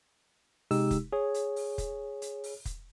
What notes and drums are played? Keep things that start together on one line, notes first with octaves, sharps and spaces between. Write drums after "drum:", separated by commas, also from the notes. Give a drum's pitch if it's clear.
C3 G#3 D#4 G4 E6, drum: open hi-hat
drum: kick, hi-hat
G#4 C#5
drum: hi-hat
drum: open hi-hat
drum: kick, hi-hat
drum: hi-hat
drum: open hi-hat
drum: kick, hi-hat